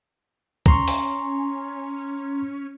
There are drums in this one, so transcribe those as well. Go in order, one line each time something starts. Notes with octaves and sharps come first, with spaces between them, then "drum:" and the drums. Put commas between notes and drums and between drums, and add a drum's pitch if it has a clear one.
C#4 A#5 C6 C#6, drum: kick C2
drum: open hi-hat